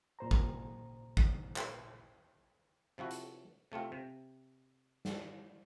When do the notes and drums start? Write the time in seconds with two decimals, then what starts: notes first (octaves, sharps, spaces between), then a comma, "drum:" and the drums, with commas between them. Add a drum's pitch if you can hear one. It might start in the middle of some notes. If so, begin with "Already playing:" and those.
0.19 A#2 C5 A#5
0.31 drum: kick
1.17 drum: kick
1.57 drum: clap
2.98 C3 F3 E4 F#4
3.11 drum: hi-hat
3.72 C3 A3 C4 F4
3.92 C3
5.05 drum: snare